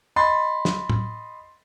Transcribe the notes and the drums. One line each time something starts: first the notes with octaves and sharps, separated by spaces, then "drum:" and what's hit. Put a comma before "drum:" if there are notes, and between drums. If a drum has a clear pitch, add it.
D#5 B5 C6 A6
drum: snare
drum: tom A2